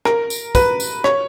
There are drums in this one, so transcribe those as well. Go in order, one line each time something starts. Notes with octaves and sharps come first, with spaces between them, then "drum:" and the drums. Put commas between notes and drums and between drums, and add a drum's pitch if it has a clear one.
A#4, drum: rim click
drum: tambourine
B4, drum: kick, tambourine
drum: tambourine
C#5, drum: rim click